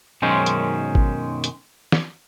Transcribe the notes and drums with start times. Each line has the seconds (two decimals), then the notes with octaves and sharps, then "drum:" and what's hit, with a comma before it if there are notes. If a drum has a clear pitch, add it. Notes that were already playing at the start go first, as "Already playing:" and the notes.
0.22 B1 F#2 D#3 G#3 C#4 C5
0.46 drum: hi-hat
0.95 drum: kick
1.44 drum: hi-hat
1.92 drum: snare